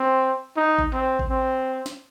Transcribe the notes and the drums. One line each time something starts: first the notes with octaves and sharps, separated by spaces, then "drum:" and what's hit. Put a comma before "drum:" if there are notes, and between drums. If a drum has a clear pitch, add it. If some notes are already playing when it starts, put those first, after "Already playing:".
Already playing: C4
D#4
drum: kick A1
C4
drum: kick A1
C4
drum: snare